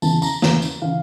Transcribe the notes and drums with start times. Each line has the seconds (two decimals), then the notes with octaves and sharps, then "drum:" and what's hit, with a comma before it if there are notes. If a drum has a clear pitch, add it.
0.02 E2 C#3 E3 A5, drum: tambourine
0.22 A#5, drum: tambourine
0.42 E2 C#3 E3 A#5, drum: snare
0.62 drum: tambourine
0.82 C#3 E3 F5